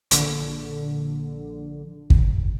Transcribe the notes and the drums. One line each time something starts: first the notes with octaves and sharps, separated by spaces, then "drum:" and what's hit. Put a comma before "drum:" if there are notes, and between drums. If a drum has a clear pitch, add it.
A#1 D3, drum: hi-hat
drum: kick